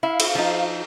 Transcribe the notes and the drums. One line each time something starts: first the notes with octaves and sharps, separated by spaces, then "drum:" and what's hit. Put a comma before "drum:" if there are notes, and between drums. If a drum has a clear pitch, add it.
E4 F5
drum: cymbal
F3 D#4